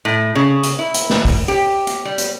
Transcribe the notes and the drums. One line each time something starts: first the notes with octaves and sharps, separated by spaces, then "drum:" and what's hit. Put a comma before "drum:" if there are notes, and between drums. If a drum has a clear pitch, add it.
A2
C#3
drum: hi-hat
E4
drum: hi-hat
drum: snare
drum: kick, open hi-hat
G4
drum: hi-hat
G3
drum: hi-hat